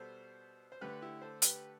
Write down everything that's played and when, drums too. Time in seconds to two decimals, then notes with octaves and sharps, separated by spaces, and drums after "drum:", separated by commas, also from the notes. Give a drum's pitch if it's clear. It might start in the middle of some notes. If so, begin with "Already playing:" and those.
Already playing: B2 G3 B3 A4 C5
0.72 C5
0.81 D3 A3 G4 B4
1.02 E4 G4
1.22 A4 C5
1.42 G4 B4, drum: hi-hat